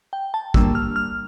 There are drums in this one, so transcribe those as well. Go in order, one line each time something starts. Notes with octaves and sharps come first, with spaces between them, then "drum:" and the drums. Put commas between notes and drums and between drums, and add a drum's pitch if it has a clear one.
G5
A5
G3 A#3 D4 E6, drum: kick
F6
F6